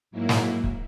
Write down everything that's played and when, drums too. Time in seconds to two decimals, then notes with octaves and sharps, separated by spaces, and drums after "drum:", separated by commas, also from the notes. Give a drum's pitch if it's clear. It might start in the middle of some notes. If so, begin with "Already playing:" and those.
0.11 G#2 F#3 A#3 E4
0.29 drum: snare
0.64 drum: kick